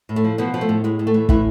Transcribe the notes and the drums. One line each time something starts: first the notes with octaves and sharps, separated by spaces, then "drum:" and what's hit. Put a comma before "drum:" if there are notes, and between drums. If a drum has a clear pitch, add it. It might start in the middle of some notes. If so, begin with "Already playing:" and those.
A2
A3
F3
B2 F3 B3
F3
A3
A2
A2 G#3
A2
A3
E3
A2 E3 E4, drum: kick